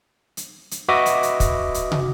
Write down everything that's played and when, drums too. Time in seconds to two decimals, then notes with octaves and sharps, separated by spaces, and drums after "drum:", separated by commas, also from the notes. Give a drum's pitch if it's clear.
0.37 drum: hi-hat
0.71 drum: hi-hat
0.89 F#4 B4 D#5 E5 D6 D#6
1.06 drum: hi-hat
1.23 drum: hi-hat
1.40 drum: kick, hi-hat
1.74 drum: hi-hat
1.92 drum: tom